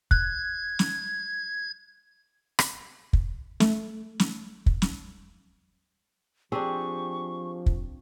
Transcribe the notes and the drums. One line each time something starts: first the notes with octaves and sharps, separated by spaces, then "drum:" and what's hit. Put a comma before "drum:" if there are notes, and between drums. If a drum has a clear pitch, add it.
F#6 G#6, drum: kick
drum: snare
drum: rim click
drum: kick
A3, drum: snare
drum: snare
drum: kick
drum: snare
F3 C4 D4 G4 G#4 C#6
drum: kick